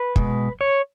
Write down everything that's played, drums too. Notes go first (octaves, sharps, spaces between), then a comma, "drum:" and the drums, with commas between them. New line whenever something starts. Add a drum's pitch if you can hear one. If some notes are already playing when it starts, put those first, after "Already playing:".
Already playing: B4
B2 G#3, drum: kick
C#5